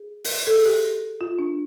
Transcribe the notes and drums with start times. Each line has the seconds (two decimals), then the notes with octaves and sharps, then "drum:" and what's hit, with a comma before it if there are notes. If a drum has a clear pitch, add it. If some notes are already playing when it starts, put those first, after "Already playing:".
Already playing: G#4
0.24 drum: open hi-hat
0.47 A4
0.56 G#4
0.66 G4
1.21 F4
1.39 D4